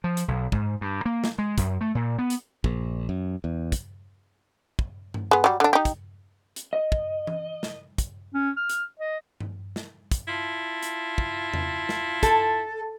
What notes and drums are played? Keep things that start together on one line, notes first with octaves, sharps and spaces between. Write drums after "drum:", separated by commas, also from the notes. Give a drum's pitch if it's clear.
F3
drum: hi-hat
B1
G#2, drum: kick
G2
A#3
drum: snare
G#3
F#2, drum: kick, hi-hat
A3
A#2
B3
drum: hi-hat
A#1, drum: kick
F#2
E2
drum: kick, hi-hat
drum: kick
drum: tom G2
G#3 B3
F#3 G3
D3 D4
D#4 G4
drum: kick, hi-hat
drum: hi-hat
D#5
drum: kick
drum: tom E3
drum: snare
drum: kick, hi-hat
C#4
F6
drum: hi-hat
D#5
drum: tom G2
drum: snare
drum: kick, hi-hat
E4 F4 A5
drum: hi-hat
drum: kick
drum: tom E2
drum: snare
A4, drum: kick, hi-hat